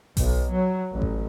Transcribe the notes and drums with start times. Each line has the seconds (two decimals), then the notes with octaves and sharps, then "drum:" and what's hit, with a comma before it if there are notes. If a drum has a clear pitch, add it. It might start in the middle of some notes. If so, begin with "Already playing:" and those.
0.17 B1, drum: kick G#1, open hi-hat
0.51 F#3
0.92 A1
1.02 drum: kick G#1